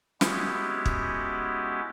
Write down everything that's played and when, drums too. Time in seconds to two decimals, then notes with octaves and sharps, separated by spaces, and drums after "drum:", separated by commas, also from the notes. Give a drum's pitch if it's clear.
0.21 G#3 B3 C#4 E4 F#4 G4, drum: snare
0.86 drum: kick